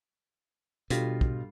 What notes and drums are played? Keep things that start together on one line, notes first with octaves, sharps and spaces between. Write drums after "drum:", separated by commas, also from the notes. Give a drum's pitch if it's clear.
B2 D3 G3 F4, drum: hi-hat
drum: kick